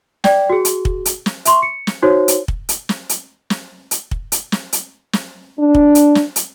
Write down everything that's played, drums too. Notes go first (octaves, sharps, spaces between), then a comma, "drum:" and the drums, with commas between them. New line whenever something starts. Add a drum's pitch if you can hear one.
D5 G5, drum: snare
F#4 G#4
drum: hi-hat
drum: kick
drum: hi-hat
drum: snare
E5 C6 C#6, drum: hi-hat
C#7
drum: snare
D#4 F#4 C5 C#5
drum: hi-hat
drum: kick
drum: hi-hat
drum: snare
drum: hi-hat
drum: snare
drum: hi-hat
drum: kick
drum: hi-hat
drum: snare
drum: hi-hat
drum: snare
D4
drum: kick
drum: hi-hat
drum: snare
drum: hi-hat